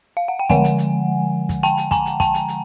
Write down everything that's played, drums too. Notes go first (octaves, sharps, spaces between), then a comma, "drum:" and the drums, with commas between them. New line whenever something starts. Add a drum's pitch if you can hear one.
F5
F#5
G5
D3 F3 G#3 F#5 G#5, drum: kick, hi-hat
drum: hi-hat
drum: hi-hat
drum: kick, hi-hat
G5 A5, drum: hi-hat
drum: hi-hat
G#5 A#5, drum: kick, hi-hat
drum: hi-hat
G5 A5, drum: kick, hi-hat
drum: hi-hat
drum: hi-hat